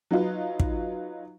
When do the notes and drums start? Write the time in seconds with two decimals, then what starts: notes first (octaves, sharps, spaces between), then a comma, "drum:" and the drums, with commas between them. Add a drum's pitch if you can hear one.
0.11 F#3 D#4 F4 B4
0.60 drum: kick